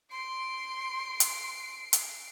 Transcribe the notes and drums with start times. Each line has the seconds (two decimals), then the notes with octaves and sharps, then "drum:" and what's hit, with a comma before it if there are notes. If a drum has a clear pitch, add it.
0.11 C6 C7 D7
1.20 drum: hi-hat
1.93 drum: hi-hat